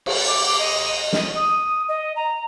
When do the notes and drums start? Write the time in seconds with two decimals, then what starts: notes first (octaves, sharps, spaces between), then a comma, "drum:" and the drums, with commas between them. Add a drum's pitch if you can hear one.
0.06 drum: cymbal
0.28 D6
0.46 D6
0.59 D#5
1.13 D#5, drum: snare
1.36 D#6
1.88 D#5
2.16 A#5